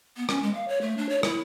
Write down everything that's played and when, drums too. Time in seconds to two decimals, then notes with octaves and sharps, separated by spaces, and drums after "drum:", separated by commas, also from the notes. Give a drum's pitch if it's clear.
0.17 B3
0.29 C#4, drum: rim click
0.43 G#3
0.55 F5
0.68 C#5
0.81 A3
0.97 D4
1.09 C#5
1.23 E4, drum: rim click